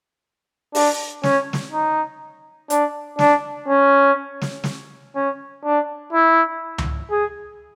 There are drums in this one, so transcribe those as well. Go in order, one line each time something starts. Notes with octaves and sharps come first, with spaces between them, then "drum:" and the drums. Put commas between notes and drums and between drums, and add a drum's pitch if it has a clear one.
D4, drum: open hi-hat
C#4, drum: snare
drum: snare
D#4
D4, drum: hi-hat
D4, drum: snare
C#4
drum: snare
drum: snare
C#4
D4
E4
drum: tom C#2
G#4